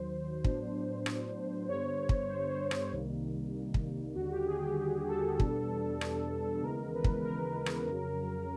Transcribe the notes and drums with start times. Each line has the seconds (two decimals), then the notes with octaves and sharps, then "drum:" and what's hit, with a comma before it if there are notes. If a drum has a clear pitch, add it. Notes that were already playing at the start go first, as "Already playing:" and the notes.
Already playing: D#2 D#3 F#3 C5
0.44 A2 F#3 B3 D4, drum: kick
1.06 drum: rim click
1.68 G2 D3 G3 B3 C#5
2.09 drum: kick
2.29 C5
2.50 C5
2.71 drum: rim click
2.92 C2 C3 D#3 G3 A#3
3.74 drum: kick
4.15 D#2 D3 G3 F#4
4.31 G4
4.46 G#4
4.62 G4
4.77 G4
5.08 A4
5.40 E2 B2 G3 B3 D4, drum: kick
6.01 drum: rim click
6.56 A4
6.63 D#2 C#3 E3 G#3 B3 A#4
6.94 B4
7.04 drum: kick
7.25 A#4
7.66 drum: rim click
7.87 F2 C#3 F#3